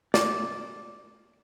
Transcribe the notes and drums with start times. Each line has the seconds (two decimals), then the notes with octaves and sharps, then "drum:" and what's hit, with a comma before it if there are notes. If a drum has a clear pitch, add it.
0.14 D5, drum: snare